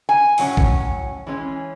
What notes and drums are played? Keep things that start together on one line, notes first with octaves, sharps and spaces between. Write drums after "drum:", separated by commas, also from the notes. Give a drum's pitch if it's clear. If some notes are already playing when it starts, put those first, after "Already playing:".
G#5
A2 F#3 C#4, drum: open hi-hat
drum: kick
E3 G#3 C#4